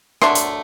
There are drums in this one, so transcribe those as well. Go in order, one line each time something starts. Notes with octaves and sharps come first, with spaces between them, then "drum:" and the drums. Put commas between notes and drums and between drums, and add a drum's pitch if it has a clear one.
D3 F#3 A3 D4 C6, drum: rim click
drum: hi-hat